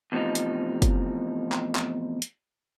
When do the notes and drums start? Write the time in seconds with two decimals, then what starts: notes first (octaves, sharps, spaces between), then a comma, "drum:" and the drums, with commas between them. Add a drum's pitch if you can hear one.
0.12 E2 A2 C3 F3 D#4
0.35 drum: hi-hat
0.82 drum: kick, hi-hat
1.52 drum: clap
1.75 drum: clap
2.22 drum: hi-hat